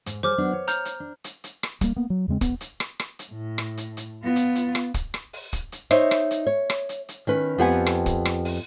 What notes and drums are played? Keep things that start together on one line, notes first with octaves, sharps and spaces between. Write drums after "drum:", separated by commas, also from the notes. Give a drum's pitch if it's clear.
G#2, drum: hi-hat
G3 G#4 C5 C#5 D6 F6
F#3 B3 D4
C#5
A#5 F6 G6, drum: hi-hat
drum: hi-hat
D4
drum: hi-hat
drum: hi-hat
drum: rim click
G3 A#3, drum: kick, hi-hat
A#3 B3
F#3
E2 C#3 G#3 C4
E1 B3, drum: kick, hi-hat
drum: hi-hat
drum: rim click
drum: rim click
drum: hi-hat
A2
drum: rim click
drum: hi-hat
drum: hi-hat
B3 F4
drum: hi-hat
drum: hi-hat
drum: rim click
drum: kick, hi-hat
drum: rim click
drum: open hi-hat
drum: kick, hi-hat
drum: hi-hat
D#4 C5 C#5 D#5 E5, drum: rim click
drum: rim click
drum: hi-hat
C#5
drum: rim click
drum: hi-hat
drum: hi-hat
D#3 C#4 B4
F2 B3 G4 B4 F#5 G#5
drum: rim click
drum: kick, hi-hat
drum: rim click
drum: open hi-hat